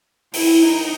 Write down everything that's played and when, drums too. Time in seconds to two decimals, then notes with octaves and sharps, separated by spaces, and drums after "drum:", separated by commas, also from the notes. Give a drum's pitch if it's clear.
0.33 E4, drum: open hi-hat
0.62 D#4